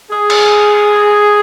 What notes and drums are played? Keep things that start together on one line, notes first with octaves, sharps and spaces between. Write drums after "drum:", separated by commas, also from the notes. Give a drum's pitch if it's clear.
G#4
drum: cymbal